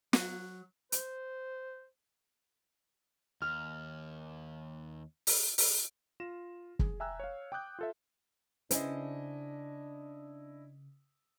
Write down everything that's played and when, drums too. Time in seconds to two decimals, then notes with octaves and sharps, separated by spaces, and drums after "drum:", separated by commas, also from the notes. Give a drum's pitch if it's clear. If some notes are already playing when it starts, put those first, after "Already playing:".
0.13 F#3, drum: snare
0.92 C5, drum: hi-hat
3.42 D#2 F6
5.27 drum: open hi-hat
5.58 drum: open hi-hat
6.20 F4 A#6 E7
6.79 G#4, drum: kick
7.00 E5 G5 G#5 A#5 E6 F#6
7.20 C#5 F5
7.52 G5 D6 D#6 F#6 G6
7.79 F4 A4 E5
8.71 C#3 D4 E4 C5 D#5 G#5, drum: hi-hat